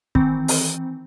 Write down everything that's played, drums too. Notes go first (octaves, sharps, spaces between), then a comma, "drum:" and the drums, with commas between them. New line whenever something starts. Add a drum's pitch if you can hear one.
D#3 E3 C4, drum: kick
drum: open hi-hat